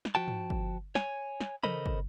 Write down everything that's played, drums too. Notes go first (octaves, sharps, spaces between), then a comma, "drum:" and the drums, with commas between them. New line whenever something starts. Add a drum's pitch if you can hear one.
drum: snare
F3 F#4 G5 A5
drum: tom
drum: kick
C#5 G#5, drum: snare
drum: snare
C#3 A4 A#4 C5 D#5 B5, drum: tom
drum: kick